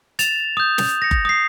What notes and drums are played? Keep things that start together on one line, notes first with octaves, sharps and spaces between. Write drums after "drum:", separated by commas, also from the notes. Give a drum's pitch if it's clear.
A6 E7 F7, drum: hi-hat
D#6 G6
drum: snare
A#6 C#7
drum: kick F#1
D#6 C7